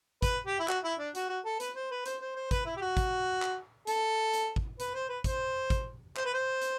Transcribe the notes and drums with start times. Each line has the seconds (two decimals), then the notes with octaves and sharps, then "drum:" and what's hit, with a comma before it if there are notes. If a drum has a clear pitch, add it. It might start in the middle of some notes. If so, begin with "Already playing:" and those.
0.22 B4, drum: kick G#1, hi-hat
0.46 G4
0.59 E4
0.68 F#4, drum: clap
0.84 E4
0.99 D4
1.15 F#4, drum: hi-hat
1.29 F#4
1.45 A4
1.60 B4, drum: hi-hat
1.76 C5
1.91 B4
2.06 C5, drum: hi-hat
2.21 C5
2.36 C5
2.51 B4, drum: kick G#1, hi-hat
2.66 E4
2.76 G4
2.81 F#4
2.97 drum: kick G#1, hi-hat
3.42 drum: clap
3.87 A4, drum: hi-hat
4.33 drum: hi-hat
4.56 drum: kick G#1
4.80 B4, drum: hi-hat
4.94 C5
5.09 B4
5.24 C5, drum: kick G#1, hi-hat
5.70 drum: kick G#1, hi-hat
6.17 C5, drum: clap
6.25 B4
6.34 C5
6.62 drum: hi-hat